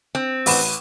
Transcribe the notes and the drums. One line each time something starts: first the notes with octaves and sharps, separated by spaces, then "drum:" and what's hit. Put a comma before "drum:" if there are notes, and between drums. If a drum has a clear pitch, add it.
C4
A1 B4 E7, drum: open hi-hat